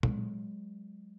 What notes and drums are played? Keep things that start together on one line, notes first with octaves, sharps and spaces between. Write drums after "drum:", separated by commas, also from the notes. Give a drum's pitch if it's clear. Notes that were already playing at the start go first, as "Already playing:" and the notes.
F#3 G#3, drum: tom